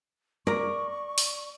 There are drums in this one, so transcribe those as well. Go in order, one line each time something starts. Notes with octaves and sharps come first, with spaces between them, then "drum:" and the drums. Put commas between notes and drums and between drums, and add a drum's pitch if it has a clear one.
A#4 D5 A#5 C#6
drum: open hi-hat